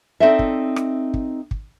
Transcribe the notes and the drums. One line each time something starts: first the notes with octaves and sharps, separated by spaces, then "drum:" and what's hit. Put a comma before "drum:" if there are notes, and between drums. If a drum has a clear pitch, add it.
C4 D#4 A4 D5 E5
drum: kick
drum: rim click
drum: kick
drum: kick